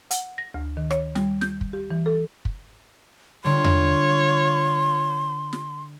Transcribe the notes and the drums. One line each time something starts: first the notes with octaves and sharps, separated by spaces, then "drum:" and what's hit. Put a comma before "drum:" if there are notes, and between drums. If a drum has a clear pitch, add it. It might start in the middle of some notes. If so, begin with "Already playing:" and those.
F#5, drum: hi-hat
A#6
D2
D#3
C#5, drum: rim click
G3, drum: snare
G6, drum: snare
drum: kick
G4
E3
A4
drum: kick
D3 G3 F4 C#5 C6
drum: tom E2
drum: snare